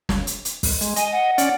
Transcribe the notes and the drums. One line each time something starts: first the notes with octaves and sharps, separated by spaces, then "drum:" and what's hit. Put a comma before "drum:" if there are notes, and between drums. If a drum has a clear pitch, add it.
drum: snare
drum: hi-hat
drum: hi-hat
drum: kick, open hi-hat
G#3, drum: hi-hat
D#5 G#5, drum: hi-hat
F#5
C#4 D5, drum: hi-hat